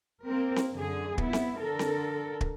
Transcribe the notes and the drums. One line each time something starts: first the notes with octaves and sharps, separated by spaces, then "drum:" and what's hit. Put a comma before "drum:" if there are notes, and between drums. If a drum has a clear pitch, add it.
A#3 C4 A#4
drum: snare C4
F#2 D3 G#4
B3 E4, drum: kick
drum: snare C4
D3 A4 A#4
drum: snare C4
drum: kick